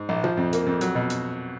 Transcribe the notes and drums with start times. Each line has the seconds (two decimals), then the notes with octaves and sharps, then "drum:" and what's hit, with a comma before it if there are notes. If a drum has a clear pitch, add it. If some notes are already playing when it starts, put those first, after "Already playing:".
Already playing: G#2
0.09 A#1
0.24 F3, drum: tom A#2
0.37 F2
0.53 A#3, drum: hi-hat
0.66 F2
0.81 F#3, drum: hi-hat
0.95 B2
1.10 drum: hi-hat